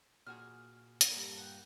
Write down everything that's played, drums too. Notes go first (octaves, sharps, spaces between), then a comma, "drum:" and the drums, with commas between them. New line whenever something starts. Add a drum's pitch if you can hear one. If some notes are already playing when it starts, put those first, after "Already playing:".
A#2 F#4 G#4 F6
drum: hi-hat
G2 A#2 A#3 A4 A5
F#5 G5